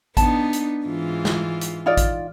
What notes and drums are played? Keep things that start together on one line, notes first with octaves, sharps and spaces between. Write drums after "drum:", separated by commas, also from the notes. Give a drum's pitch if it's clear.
B3 D4 D#4 A5, drum: kick A1, hi-hat
drum: hi-hat
G#2 E3 F4
drum: snare
drum: hi-hat
D#4 F4 D5
drum: kick A1, hi-hat